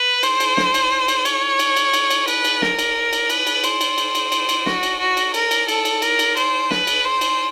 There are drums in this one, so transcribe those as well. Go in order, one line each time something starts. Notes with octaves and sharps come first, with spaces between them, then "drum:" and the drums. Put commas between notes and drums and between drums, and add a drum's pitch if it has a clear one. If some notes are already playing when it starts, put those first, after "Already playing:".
Already playing: B4
C5, drum: cymbal
drum: cymbal
drum: snare
drum: cymbal
drum: cymbal
C#5, drum: cymbal
drum: cymbal
drum: cymbal
drum: cymbal
drum: cymbal
B4, drum: cymbal
drum: cymbal
A#4, drum: snare
drum: cymbal
drum: cymbal
B4, drum: cymbal
drum: cymbal
C5, drum: cymbal
drum: cymbal
drum: cymbal
drum: cymbal
drum: cymbal
drum: cymbal
F#4, drum: snare
drum: cymbal
F#4
drum: cymbal
A#4, drum: cymbal
drum: cymbal
A4, drum: cymbal
drum: cymbal
A#4, drum: cymbal
drum: cymbal
C5, drum: cymbal
B4, drum: snare
drum: cymbal
C5
drum: cymbal